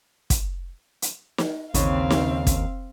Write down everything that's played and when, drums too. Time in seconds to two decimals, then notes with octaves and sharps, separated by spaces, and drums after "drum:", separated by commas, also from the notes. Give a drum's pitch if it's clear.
0.30 drum: kick, hi-hat
1.02 drum: hi-hat
1.38 drum: snare
1.74 A1 D#2 C#3 C4 F5, drum: hi-hat
2.10 drum: snare
2.47 drum: kick, hi-hat